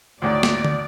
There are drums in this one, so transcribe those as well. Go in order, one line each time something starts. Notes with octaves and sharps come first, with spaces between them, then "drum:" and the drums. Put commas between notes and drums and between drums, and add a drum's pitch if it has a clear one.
D2 A2 D#3 D5
drum: snare
drum: tom D3